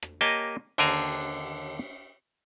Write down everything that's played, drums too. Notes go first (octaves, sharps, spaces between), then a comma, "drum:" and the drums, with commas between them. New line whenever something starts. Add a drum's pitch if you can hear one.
drum: rim click
A#3 G4 C#5 D#5 G#5 A5
D#2 D3 C5 D5 G#5 A#5, drum: cymbal